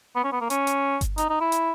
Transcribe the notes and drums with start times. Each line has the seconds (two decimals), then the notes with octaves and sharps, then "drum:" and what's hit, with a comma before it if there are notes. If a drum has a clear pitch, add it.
0.16 B3
0.24 C#4
0.32 B3
0.41 A#3
0.50 C#4, drum: hi-hat
0.67 drum: hi-hat
1.01 drum: kick G1, hi-hat
1.18 D#4, drum: hi-hat
1.30 D#4
1.41 E4
1.52 drum: hi-hat